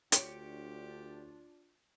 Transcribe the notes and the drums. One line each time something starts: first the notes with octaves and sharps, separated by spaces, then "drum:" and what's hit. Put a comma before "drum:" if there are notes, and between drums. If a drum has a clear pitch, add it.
D2 D4 F4 G4 C#5 C#7 D7, drum: hi-hat